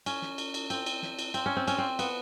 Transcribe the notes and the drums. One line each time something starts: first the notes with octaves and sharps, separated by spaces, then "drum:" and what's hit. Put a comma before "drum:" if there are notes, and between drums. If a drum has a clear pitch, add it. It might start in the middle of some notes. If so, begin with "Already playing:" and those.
C#4, drum: cymbal
drum: snare
drum: cymbal
drum: cymbal
C4, drum: cymbal
drum: cymbal
drum: snare
drum: cymbal
C4, drum: cymbal
C#4
C4
C#4, drum: cymbal
C4
B3, drum: cymbal